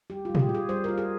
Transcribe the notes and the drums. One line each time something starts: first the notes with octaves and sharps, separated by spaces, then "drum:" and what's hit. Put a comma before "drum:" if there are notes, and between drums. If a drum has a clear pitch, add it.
G3 G4
G3 F4
G#4, drum: tom
G4
F4
G#4
G3 C5
F4 A#4
G#4